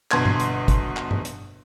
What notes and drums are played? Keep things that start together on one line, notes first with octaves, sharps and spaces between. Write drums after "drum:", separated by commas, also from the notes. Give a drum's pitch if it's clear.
G1 B2 C6 G#6, drum: clap
drum: tom G2
drum: hi-hat
drum: kick, hi-hat
drum: clap
drum: tom G2
drum: hi-hat